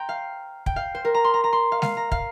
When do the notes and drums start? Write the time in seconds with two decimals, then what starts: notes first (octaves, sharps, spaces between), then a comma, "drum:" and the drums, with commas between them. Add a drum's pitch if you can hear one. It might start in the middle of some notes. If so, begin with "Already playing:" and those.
Already playing: C5 G5 A#5
0.09 F5
0.66 G5, drum: kick
0.76 F5
0.95 C5
1.05 A#4
1.14 A#5
1.24 C6
1.34 A#5
1.44 A#5
1.53 C6
1.72 F5
1.82 F5, drum: snare G#3
1.97 A#5
2.12 F5, drum: kick